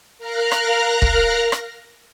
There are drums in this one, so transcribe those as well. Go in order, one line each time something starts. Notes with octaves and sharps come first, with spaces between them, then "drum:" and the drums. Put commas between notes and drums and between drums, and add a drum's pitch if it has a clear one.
A#4 F5 A#5 F6 F#6 A#6
drum: rim click
drum: kick
drum: rim click